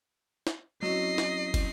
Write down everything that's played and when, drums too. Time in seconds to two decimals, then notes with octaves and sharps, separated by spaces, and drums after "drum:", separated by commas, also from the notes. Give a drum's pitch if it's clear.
0.47 drum: snare
0.82 F#3 C4 C#4 E4 D#5 C7
1.18 drum: snare
1.54 drum: kick, cymbal